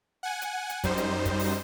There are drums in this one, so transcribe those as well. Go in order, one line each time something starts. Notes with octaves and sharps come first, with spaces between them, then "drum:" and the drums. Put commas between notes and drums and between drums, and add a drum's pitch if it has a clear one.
F#5 G#5
drum: hi-hat
drum: hi-hat
F#2 G3 D#4 C5, drum: kick, hi-hat
drum: hi-hat
drum: kick, hi-hat
drum: open hi-hat